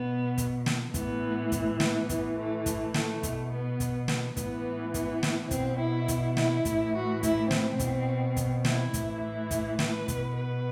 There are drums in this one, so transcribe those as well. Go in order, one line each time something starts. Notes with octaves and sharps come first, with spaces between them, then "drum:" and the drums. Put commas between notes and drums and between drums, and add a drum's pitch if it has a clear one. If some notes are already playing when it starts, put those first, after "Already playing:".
Already playing: B2 B3
drum: kick, hi-hat
drum: snare
A2 E3 B3, drum: kick, hi-hat
drum: kick, hi-hat
B3, drum: snare
A2 E3, drum: kick, hi-hat
A3
drum: kick, hi-hat
A3, drum: snare
B2, drum: kick, hi-hat
B3
drum: kick, hi-hat
B3, drum: snare
A2 E3 B3, drum: kick, hi-hat
B3, drum: kick, hi-hat
drum: snare
B2 C4, drum: kick, hi-hat
E4
drum: kick, hi-hat
E4, drum: snare
A2 E3, drum: kick, hi-hat
F#4
E4, drum: kick, hi-hat
C4, drum: snare
B2, drum: kick, hi-hat
drum: kick, hi-hat
E4, drum: snare
A2 E3, drum: kick, hi-hat
E4
drum: kick, hi-hat
B4, drum: snare
B2, drum: kick, hi-hat
B4